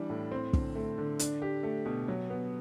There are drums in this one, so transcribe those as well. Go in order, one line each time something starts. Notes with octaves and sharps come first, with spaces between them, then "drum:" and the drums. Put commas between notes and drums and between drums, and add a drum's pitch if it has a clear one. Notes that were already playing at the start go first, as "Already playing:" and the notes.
Already playing: E3 G3 D4
A2
C4
D3, drum: kick
A3
D3
D4, drum: hi-hat
G4
A3
B2
F#3
B3